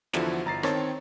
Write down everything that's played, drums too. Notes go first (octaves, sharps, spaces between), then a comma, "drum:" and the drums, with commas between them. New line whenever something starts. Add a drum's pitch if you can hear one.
E2 D3 F3 E4 F#4, drum: snare
G1 A#5 A6 C7
D#3 C4 C#5 A5 A6, drum: rim click